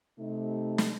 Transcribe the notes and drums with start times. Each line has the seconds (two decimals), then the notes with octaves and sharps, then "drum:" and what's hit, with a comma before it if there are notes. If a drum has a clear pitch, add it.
0.20 C3 A3 D#4
0.78 drum: snare